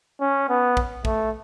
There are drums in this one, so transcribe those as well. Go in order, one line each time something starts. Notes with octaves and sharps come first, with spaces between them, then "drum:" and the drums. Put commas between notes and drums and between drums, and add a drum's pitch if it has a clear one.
C#4
B3
drum: kick
A3, drum: kick